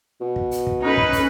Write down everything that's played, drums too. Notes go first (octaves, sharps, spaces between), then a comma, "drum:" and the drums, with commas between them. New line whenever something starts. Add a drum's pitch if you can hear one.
B2
drum: kick
drum: hi-hat
drum: kick
C#4 D#4 B4
drum: kick
drum: kick, hi-hat